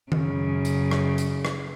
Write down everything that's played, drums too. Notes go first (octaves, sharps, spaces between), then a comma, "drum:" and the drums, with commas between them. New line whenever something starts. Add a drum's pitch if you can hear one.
F#2 C#3, drum: tom D#3
drum: hi-hat
drum: rim click
drum: hi-hat
drum: rim click